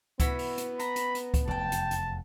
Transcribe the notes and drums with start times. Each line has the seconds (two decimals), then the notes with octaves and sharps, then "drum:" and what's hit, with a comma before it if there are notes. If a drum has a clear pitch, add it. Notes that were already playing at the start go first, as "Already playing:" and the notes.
0.20 B3 E4 F#4 B5, drum: kick C#2, hi-hat
0.39 drum: open hi-hat
0.58 drum: hi-hat
0.80 A#5 B5, drum: hi-hat
0.96 drum: hi-hat
1.15 drum: hi-hat
1.34 drum: kick C#2, hi-hat
1.48 F1 E2 D5 G5 A5
1.72 drum: hi-hat
1.91 drum: hi-hat